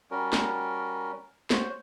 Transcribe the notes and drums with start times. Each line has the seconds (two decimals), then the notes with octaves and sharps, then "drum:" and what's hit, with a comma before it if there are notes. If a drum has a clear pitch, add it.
0.11 G3 C#4 F#4 A#4
0.33 drum: snare
1.50 F#4 C5 C#5, drum: snare